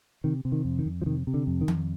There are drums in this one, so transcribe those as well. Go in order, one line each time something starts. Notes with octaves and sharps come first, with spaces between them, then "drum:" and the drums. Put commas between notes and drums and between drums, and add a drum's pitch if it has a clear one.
C3 D#3
C3
D#3
F2
D#3
F2
F3
C3 D#3
C3
D3
F2
D#3
F2, drum: tom D#3